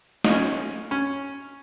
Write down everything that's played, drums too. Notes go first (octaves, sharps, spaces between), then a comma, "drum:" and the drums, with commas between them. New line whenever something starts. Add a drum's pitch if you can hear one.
D#4, drum: snare
C#4
C#4